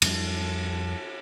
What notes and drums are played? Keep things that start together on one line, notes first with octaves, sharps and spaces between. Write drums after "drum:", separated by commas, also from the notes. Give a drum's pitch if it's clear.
F2 G3 C4 D4, drum: cymbal